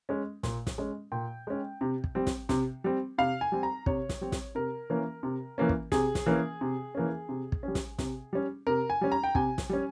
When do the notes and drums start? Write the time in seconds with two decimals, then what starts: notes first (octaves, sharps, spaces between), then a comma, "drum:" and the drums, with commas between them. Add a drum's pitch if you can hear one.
0.09 G#3 C#4
0.43 A#2, drum: snare
0.67 drum: snare
0.78 G#3 C#4
1.12 A#2 G5
1.47 G#3 C#4
1.81 C3
2.04 drum: kick
2.15 G3 C4
2.27 drum: snare
2.49 C3, drum: snare
2.84 G3 C4
3.18 C3 F5
3.41 G#5
3.52 G3 C4
3.63 A#5
3.86 C3 C#5, drum: kick
4.09 drum: snare
4.21 G3 C4
4.32 drum: snare
4.55 C3 A#4
4.90 E3 A#3 C#4
5.23 C3
5.58 E3 A#3 C#4
5.69 drum: kick
5.92 C3 G#4, drum: snare
6.15 drum: snare
6.26 E3 A#3 C#4
6.61 C3
6.95 E3 A#3 C#4
7.29 C3
7.52 drum: kick
7.63 G3 C#4
7.75 drum: snare
7.98 C3, drum: snare
8.33 G3 C#4
8.67 C3 A#4
8.90 G#5
9.01 G3 C#4
9.12 A#5
9.24 G5
9.35 C3 G#5, drum: kick
9.58 drum: snare
9.69 G3 C#4